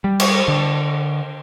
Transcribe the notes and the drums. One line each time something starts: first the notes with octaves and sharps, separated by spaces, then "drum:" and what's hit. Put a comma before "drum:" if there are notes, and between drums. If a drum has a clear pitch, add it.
G3
drum: cymbal
D3